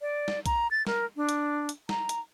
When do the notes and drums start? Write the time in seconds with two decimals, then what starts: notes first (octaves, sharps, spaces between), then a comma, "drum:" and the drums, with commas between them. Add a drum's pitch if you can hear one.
0.01 D5
0.28 drum: snare
0.46 A#5, drum: kick B1, hi-hat
0.71 A6
0.87 A#4, drum: snare
1.16 D4
1.29 drum: hi-hat
1.69 drum: hi-hat
1.89 A#5, drum: snare
2.09 drum: hi-hat